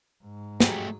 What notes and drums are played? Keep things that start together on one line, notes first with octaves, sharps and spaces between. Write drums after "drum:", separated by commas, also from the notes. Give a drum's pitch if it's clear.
G#2
F#3 A3 G4 G#4, drum: snare